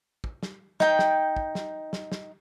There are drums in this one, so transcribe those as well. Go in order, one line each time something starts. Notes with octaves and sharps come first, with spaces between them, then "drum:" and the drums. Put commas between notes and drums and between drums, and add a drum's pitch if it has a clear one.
drum: kick
drum: snare
D#4 G5, drum: snare
drum: snare
drum: kick
drum: snare
drum: snare
drum: snare